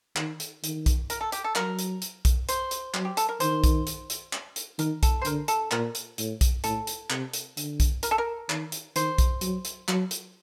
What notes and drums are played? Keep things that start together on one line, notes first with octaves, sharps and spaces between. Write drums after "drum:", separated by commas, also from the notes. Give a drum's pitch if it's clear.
D#3, drum: clap
drum: hi-hat
D#3, drum: hi-hat
drum: kick B1, hi-hat
A#4, drum: hi-hat
A4
G4, drum: hi-hat
A4
F#3 A#4, drum: clap
drum: hi-hat
drum: hi-hat
drum: kick B1, hi-hat
C5, drum: hi-hat
drum: hi-hat
F#3, drum: clap
G4
A4, drum: hi-hat
A#4
D#3 C5, drum: hi-hat
drum: kick B1, hi-hat
drum: hi-hat
drum: hi-hat
drum: clap
drum: hi-hat
D#3 A#4, drum: hi-hat
A4, drum: kick B1, hi-hat
C5
D3 A#4, drum: hi-hat
A4, drum: hi-hat
A#2 A#4, drum: clap
drum: hi-hat
A2, drum: hi-hat
drum: kick B1, hi-hat
A2 A4, drum: hi-hat
drum: hi-hat
C3, drum: clap
drum: hi-hat
D3, drum: hi-hat
drum: kick B1, hi-hat
A#4, drum: hi-hat
A4
A#4
D#3, drum: clap
drum: hi-hat
D#3 C5, drum: hi-hat
drum: kick B1, hi-hat
F#3, drum: hi-hat
drum: hi-hat
F#3, drum: clap
drum: hi-hat